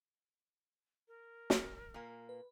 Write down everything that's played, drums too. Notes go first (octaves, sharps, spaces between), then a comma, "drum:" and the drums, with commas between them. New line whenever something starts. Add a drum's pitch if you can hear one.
A#4
drum: snare
A#2 A#3
B4